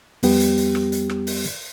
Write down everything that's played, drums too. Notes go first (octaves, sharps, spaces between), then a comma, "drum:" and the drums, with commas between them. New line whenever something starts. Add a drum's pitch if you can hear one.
F2 G3 B3 G4, drum: open hi-hat
drum: hi-hat
drum: hi-hat
drum: rim click
drum: hi-hat
drum: rim click
drum: open hi-hat
drum: hi-hat